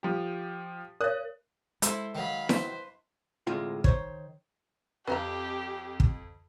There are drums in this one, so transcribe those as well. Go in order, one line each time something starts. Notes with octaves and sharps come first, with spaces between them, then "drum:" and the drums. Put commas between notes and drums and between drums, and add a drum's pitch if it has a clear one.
F3 G4
A#4 C#5 D#6 F#6
G#3 E4 A4 C5, drum: hi-hat
D#3 F#3 F5 B5
B4 C5, drum: snare E4
D2 A2 C3 G#3 F4 G5
D#3 C5 C#5, drum: kick
F2 G4 B4 F5 A#5
drum: kick